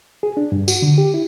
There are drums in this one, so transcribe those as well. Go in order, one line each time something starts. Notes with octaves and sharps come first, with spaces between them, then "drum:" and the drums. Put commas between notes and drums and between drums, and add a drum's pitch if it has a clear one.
G#4
D4
G2
F#4, drum: tambourine
D3
G4
E4